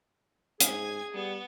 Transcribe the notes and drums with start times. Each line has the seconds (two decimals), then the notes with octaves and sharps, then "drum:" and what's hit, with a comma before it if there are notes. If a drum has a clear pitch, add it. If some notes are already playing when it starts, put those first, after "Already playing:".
0.60 G#2 G#4 G#5 G#6, drum: hi-hat
1.14 G3 B3